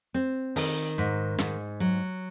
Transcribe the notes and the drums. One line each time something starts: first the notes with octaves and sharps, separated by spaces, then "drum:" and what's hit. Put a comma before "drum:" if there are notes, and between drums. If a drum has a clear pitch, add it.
C4
D#3, drum: open hi-hat
G#2
G#2, drum: snare
F#3